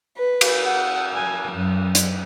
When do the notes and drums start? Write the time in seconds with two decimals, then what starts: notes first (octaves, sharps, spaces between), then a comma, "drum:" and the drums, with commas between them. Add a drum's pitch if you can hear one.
0.18 B4
0.41 drum: cymbal
0.64 F#5
1.14 G#5
1.53 F#2
1.95 drum: hi-hat